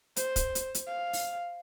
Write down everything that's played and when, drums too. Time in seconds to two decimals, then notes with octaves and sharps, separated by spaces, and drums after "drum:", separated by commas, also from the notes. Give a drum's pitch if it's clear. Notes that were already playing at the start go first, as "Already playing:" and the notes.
0.16 C5, drum: hi-hat
0.36 drum: kick, hi-hat
0.55 drum: hi-hat
0.75 drum: hi-hat
0.87 F5
1.13 drum: open hi-hat